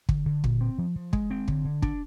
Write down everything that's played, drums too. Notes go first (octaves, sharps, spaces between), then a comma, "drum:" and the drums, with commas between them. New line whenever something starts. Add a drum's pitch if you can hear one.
D3, drum: kick
D3
A#2, drum: kick
C4
F3
F3
G#3, drum: kick
C4
D3, drum: kick
D3
D4, drum: kick